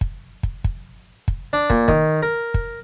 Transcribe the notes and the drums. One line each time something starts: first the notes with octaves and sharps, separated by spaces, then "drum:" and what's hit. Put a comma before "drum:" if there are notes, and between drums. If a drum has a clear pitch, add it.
drum: kick
drum: kick
drum: kick
drum: kick
D4
A#2, drum: kick
D#3, drum: kick
A#4
drum: kick